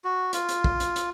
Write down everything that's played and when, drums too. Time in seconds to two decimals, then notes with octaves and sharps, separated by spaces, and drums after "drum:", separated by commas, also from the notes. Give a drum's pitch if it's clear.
0.04 F#4
0.33 F4, drum: hi-hat
0.49 drum: hi-hat
0.64 drum: kick
0.80 drum: hi-hat
0.96 drum: hi-hat